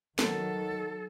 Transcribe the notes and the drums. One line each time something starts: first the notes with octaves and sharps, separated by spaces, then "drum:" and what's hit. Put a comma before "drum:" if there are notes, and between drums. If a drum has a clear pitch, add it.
D#3 F#3 A4, drum: snare